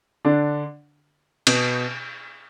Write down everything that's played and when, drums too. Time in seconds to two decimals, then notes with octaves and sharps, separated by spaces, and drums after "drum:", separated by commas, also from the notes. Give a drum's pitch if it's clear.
0.25 D3 D4
1.47 B2 B3, drum: cymbal